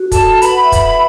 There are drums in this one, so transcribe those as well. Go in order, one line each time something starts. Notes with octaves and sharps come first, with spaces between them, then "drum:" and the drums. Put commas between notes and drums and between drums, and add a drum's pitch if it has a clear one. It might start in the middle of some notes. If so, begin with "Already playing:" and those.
Already playing: F#4
A4 A5, drum: kick, hi-hat
A4
B4 B5, drum: hi-hat
F#5
E5
E5, drum: kick, hi-hat